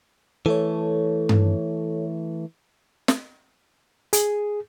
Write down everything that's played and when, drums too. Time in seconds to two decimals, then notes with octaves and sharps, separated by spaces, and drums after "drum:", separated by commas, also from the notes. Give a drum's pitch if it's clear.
0.46 E3 A3 A4 C#5
1.29 drum: tom G2
3.08 drum: snare
4.13 G#4, drum: hi-hat